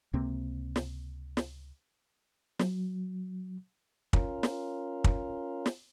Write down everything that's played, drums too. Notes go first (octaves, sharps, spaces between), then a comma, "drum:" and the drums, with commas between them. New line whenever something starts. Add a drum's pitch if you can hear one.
C#2 C3 A#3 C4
drum: snare
drum: snare
F#3, drum: snare
C#4 F4 A#4, drum: kick
drum: snare
drum: kick
drum: snare